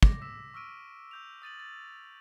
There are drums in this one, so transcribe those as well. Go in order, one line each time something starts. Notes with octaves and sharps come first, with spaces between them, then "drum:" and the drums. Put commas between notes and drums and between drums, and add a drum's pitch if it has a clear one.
D6 A#6, drum: kick
D6 E6 B6 E7
C#6 E6 F6 D7 D#7
E6 G6 F7
D#6 A6 D#7 F#7
A6